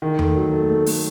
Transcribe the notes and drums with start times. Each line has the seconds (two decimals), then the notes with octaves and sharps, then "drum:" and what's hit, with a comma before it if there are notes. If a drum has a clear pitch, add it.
0.02 D#3
0.19 A3, drum: tom E2
0.36 F#3
0.52 A3
0.69 A3
0.86 A3, drum: open hi-hat